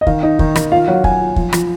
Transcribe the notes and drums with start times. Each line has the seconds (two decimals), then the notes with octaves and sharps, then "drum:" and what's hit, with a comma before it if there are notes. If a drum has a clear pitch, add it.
0.01 D#5
0.06 D#3 F5, drum: kick
0.23 D#4
0.39 D#3, drum: kick
0.56 D#3, drum: rim click
0.72 F4 F5
0.88 F#3 F#5
1.04 F#3 G#5, drum: kick
1.20 F4
1.36 F3, drum: kick
1.53 F3, drum: rim click